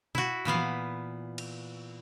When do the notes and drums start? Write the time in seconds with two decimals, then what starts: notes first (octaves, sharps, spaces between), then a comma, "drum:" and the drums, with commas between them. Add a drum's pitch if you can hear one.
0.15 E4 F#4, drum: tom B2
0.45 A#2 E3 B3 F5
0.55 drum: tom E3
1.38 drum: cymbal